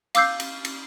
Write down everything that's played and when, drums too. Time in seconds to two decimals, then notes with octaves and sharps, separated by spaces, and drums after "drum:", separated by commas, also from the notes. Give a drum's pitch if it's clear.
0.15 F5 D6 E6 G6 C7, drum: cymbal
0.40 drum: cymbal
0.65 drum: cymbal